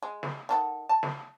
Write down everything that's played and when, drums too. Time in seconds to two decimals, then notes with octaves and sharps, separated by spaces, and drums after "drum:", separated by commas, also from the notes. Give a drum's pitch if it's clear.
0.03 G#3
0.23 drum: snare
0.49 D#3 A4 F#5
0.89 A5
1.03 drum: snare